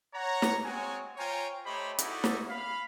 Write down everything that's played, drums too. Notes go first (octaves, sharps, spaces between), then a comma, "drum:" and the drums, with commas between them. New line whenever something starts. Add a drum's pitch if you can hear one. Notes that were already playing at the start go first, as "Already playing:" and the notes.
C#5 F#5 A#5
drum: snare
G#3 C4 F#4 C#5 G#5
F4 C5 C#5 G5 G#5 A#5
A3 G4 C5 C#5 D#5 B5
D#4 E4 F#4 A4 D5, drum: hi-hat
drum: snare
F5 B5